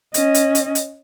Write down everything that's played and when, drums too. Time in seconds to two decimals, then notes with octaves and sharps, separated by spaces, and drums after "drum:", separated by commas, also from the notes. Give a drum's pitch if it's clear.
0.14 C#4 D#5, drum: hi-hat
0.34 drum: hi-hat
0.55 drum: hi-hat
0.75 drum: hi-hat